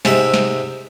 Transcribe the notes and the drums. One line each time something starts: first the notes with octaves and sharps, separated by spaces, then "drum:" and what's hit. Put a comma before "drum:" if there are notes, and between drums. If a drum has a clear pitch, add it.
G#2 C3 E5, drum: snare
drum: snare